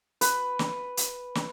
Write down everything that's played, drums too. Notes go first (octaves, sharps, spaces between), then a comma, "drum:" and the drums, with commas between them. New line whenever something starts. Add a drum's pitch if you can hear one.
B4, drum: hi-hat
drum: snare
drum: hi-hat
drum: snare